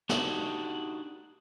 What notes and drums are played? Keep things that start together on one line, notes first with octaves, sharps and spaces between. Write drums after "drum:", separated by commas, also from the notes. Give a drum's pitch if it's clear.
D4 D#4 F#4 G4, drum: snare